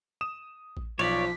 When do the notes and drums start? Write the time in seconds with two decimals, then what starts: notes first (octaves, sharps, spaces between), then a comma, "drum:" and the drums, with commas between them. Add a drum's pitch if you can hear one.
0.21 D#6 E7
0.77 drum: kick A1
0.99 B1 F3 C#5 D5 D6 B6, drum: cymbal